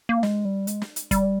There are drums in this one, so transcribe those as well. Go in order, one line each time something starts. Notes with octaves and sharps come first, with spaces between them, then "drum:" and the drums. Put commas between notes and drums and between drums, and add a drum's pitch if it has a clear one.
A#3
G#3, drum: snare
G3
G#3, drum: hi-hat
drum: snare
drum: hi-hat
G3, drum: kick, hi-hat